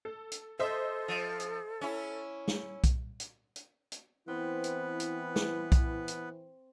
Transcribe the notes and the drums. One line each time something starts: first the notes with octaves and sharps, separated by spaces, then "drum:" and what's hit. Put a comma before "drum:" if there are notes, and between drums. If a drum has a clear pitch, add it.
A4
drum: hi-hat
A4 C5 D#5 E5
F3
drum: hi-hat
C#4 E4
drum: snare
drum: kick B1, hi-hat
drum: hi-hat
drum: hi-hat
drum: hi-hat
E3 B3 C4 E4 B4 C5 G5
drum: hi-hat
drum: hi-hat
drum: snare
drum: kick B1, hi-hat
drum: hi-hat